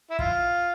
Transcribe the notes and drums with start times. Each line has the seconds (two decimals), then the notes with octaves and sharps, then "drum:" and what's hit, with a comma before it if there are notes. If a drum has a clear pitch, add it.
0.10 E4
0.19 F4, drum: kick